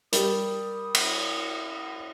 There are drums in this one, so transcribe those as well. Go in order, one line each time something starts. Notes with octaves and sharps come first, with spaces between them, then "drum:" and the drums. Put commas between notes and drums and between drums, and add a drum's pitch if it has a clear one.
G3 A#4 D#6, drum: hi-hat
drum: cymbal